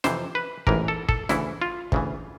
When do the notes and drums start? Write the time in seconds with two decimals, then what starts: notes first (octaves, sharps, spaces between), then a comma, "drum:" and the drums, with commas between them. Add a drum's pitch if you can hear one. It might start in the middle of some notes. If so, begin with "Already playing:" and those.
0.04 F2 C3 E3 C5, drum: snare
0.35 B4
0.67 A1 G#2 E3 A#4, drum: kick
0.88 A4
1.09 A4, drum: kick
1.29 D2 C#3 E3 E4, drum: snare
1.62 F4
1.92 D2 C#3 E3, drum: kick